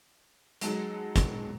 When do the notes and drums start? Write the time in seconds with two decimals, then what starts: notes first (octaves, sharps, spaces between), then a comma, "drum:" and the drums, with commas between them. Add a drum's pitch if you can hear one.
0.61 F#3 G#3 D#4 A4, drum: hi-hat
1.16 drum: kick, hi-hat